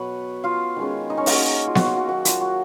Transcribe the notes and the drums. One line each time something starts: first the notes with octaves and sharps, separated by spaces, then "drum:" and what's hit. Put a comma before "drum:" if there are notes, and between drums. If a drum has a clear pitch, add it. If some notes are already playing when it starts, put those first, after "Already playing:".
Already playing: B2 F#3 B3 B4 C#5 B5
F4 F5
D#3 G#3 C#4
D#4 D#5
C#4 C#5
A#3 A#4, drum: open hi-hat
F#4
F4
F#4, drum: snare B3
F4
F#4
D#3 F#3 A#3 F#4
F4, drum: hi-hat
F#4